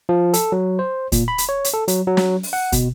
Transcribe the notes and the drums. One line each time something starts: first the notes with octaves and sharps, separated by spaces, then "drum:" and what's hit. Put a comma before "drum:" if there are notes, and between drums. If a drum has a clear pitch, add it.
F3
A4, drum: hi-hat
F#3
C5
A#2, drum: kick, hi-hat
B5
drum: hi-hat
C#5
drum: hi-hat
A4
F#3, drum: hi-hat
F#3
drum: snare
drum: open hi-hat
F#5
B2, drum: kick, hi-hat